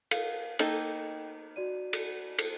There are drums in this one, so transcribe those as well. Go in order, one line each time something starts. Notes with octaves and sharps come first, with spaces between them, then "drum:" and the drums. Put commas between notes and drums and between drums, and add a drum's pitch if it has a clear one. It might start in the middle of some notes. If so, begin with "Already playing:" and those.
A#4 F5, drum: cymbal
A#3 D#4 A4 G5, drum: cymbal
F#4 D5 D#7
drum: cymbal
drum: cymbal